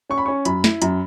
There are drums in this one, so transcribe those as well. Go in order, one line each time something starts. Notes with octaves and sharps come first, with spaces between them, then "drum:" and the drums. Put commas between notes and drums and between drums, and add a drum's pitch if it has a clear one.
C#4 C#6
B5
C#4 C#6
F#2 B5, drum: hi-hat
E4, drum: snare
F#2, drum: hi-hat